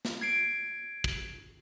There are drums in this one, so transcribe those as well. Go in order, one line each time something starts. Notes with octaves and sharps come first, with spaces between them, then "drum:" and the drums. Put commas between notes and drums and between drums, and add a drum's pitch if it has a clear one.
drum: snare
G#6 C7 D7
drum: kick